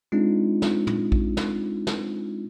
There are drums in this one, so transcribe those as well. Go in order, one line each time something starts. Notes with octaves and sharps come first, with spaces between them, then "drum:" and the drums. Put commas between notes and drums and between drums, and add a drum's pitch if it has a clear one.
G#3 C4 D4 D#4 F4
drum: snare
drum: tom
drum: kick A#1
drum: snare
drum: snare